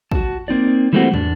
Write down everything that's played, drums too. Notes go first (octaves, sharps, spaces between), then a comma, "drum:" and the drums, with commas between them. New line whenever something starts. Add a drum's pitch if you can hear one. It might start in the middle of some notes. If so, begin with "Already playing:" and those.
F#4 A5, drum: kick
A#3 C4 D#4 D5
E3 G3 A3 A#3 C4 F#4
E2 D4, drum: tom